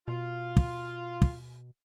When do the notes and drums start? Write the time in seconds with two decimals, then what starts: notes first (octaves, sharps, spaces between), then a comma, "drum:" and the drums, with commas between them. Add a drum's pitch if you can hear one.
0.08 B2 F4
0.57 drum: kick
1.22 drum: kick